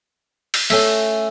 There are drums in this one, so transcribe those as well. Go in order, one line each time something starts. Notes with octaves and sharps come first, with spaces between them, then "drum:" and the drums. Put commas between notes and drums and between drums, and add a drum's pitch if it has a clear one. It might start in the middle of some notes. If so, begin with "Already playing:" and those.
drum: open hi-hat
A3 C#4, drum: open hi-hat